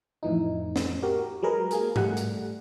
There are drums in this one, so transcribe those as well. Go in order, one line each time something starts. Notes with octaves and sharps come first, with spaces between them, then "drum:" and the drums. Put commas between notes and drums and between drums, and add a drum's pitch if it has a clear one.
F2 A2 E3 D#4
drum: snare
F#4 G4 A#4
F#3 G#3 G#4 A#4 B4
A#3 G#4 A#4, drum: hi-hat
G3 A3 F#5, drum: tom G#2
drum: hi-hat